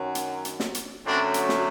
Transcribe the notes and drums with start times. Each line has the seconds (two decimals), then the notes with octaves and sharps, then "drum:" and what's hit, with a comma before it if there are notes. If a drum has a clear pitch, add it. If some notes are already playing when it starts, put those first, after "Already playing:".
Already playing: F#2 D#3 F#3
0.15 drum: hi-hat
0.45 drum: hi-hat
0.60 drum: snare
0.75 drum: hi-hat
1.05 F#2 D3 F#3 A3 C4 D4
1.34 drum: hi-hat
1.49 drum: snare